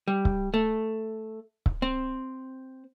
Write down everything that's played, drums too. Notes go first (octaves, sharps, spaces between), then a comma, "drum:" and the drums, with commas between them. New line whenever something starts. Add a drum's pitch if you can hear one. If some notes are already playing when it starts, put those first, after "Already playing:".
G3
drum: kick C#1
A3
drum: kick C#1
C4